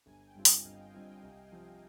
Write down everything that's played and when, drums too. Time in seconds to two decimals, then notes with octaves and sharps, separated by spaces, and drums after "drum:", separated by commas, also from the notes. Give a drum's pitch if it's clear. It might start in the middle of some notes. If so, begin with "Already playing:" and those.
0.06 G1 G#5
0.26 G5
0.35 G2 G3 C4 F4
0.45 D#5, drum: open hi-hat
0.64 G1 F5
0.79 G5
0.94 G2 G3 C4 F4 G#5
1.08 G5
1.22 C2
1.52 C3 F3